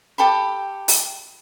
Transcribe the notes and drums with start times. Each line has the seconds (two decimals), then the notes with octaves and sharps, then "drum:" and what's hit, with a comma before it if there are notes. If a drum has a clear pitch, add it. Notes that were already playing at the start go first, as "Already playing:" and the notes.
0.18 G4 A4 G5 B5
0.88 drum: open hi-hat